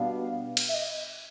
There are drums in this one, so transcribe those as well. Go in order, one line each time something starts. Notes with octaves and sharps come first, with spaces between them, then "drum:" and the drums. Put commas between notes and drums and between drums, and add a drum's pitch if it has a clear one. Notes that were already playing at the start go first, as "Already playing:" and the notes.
Already playing: B2 G3 B3 D4 F5
drum: cymbal
E5
D#5